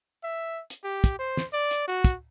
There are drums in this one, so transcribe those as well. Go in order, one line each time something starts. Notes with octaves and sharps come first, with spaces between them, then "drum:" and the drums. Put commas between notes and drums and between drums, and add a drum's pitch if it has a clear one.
E5
drum: hi-hat
G4
drum: kick, hi-hat
C5
drum: snare
D5
drum: hi-hat
F#4
drum: kick, hi-hat